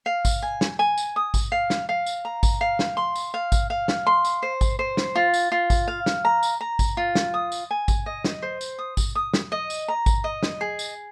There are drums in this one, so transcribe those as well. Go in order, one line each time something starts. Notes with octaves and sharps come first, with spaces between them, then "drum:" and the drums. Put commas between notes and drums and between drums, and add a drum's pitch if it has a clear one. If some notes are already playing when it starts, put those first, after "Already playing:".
F5
drum: kick G#1, tambourine
G#5
drum: snare
G#5
drum: tambourine
D#6
drum: kick G#1, tambourine
F5
drum: snare
F5
drum: tambourine
A#5
drum: kick G#1, tambourine
F5
drum: snare
C6
drum: tambourine
F5
drum: kick G#1, tambourine
F5
drum: snare
C6
drum: tambourine
C5
drum: kick G#1, tambourine
C5
drum: snare
F4
drum: tambourine
F4
drum: kick G#1, tambourine
F5
drum: snare
A#5
drum: tambourine
A#5
drum: kick G#1, tambourine
F4
drum: snare
D#6
drum: tambourine
G#5
drum: kick G#1, tambourine
D#5
drum: snare
C5
drum: tambourine
D#6
drum: kick G#1, tambourine
D#6
drum: snare
D#5
drum: tambourine
A#5
drum: kick G#1, tambourine
D#5
drum: snare
G#4
drum: tambourine